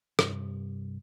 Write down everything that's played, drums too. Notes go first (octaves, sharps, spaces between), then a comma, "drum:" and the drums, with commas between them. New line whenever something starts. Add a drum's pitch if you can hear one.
C2 G2, drum: rim click